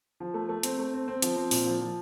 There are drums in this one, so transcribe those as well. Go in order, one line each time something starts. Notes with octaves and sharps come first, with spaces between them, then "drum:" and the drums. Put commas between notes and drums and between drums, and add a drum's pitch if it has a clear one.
F3
A3
A3
C4, drum: hi-hat
A3
C4
C4
F3, drum: hi-hat
C4
A#2, drum: open hi-hat
F3
F3